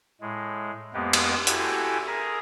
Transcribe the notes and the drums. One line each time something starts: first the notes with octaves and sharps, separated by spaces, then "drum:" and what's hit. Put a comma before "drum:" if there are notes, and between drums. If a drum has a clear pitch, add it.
A2 G#3
F2 G#3 A#3 B3 G4
drum: cymbal
E4 F#4 G4 A4 G5 G#5, drum: hi-hat
G#4 A#4 E5 A#5 D#6